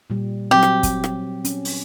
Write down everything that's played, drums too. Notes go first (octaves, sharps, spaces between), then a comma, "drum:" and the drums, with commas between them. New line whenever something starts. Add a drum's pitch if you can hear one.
A#2 G3
F#3 C4 G4
drum: rim click
drum: kick, hi-hat
drum: rim click
C#4, drum: hi-hat
drum: open hi-hat